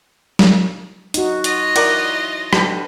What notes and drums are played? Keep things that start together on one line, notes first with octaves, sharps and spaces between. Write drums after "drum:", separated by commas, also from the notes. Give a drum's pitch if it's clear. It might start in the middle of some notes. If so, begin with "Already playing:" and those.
drum: snare
D#4 F#4, drum: hi-hat
F4 D#5, drum: hi-hat
E4 A#4 D5 F#5, drum: cymbal
D3 G3 B4, drum: rim click